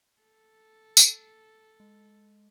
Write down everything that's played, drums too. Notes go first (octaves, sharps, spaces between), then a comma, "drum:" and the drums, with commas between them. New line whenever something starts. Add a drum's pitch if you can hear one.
A4
drum: tambourine
G#3